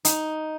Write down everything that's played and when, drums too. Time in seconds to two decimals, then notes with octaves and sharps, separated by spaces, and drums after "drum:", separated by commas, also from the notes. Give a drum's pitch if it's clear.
0.05 D#4, drum: hi-hat